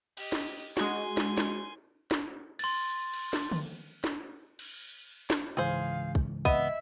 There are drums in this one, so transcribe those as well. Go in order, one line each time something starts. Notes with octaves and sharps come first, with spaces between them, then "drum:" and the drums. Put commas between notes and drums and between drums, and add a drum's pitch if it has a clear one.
G4 D#5, drum: cymbal
drum: snare
G#3 F#4 G#5 C6, drum: snare
drum: snare
drum: snare
drum: snare
C6 A6, drum: cymbal
drum: cymbal
drum: snare
drum: tom D3
drum: snare
drum: cymbal
drum: snare
C#2 G#2 E3 G#4 C5 F5, drum: hi-hat
drum: kick
B3 D#5 E5, drum: kick